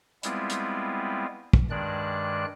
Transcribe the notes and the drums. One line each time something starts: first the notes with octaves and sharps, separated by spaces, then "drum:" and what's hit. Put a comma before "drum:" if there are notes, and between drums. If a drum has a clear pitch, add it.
G3 G#3 B3 C4 E4 F4, drum: hi-hat
drum: hi-hat
drum: kick
G2 D#3 G#3 D4 D5 F#6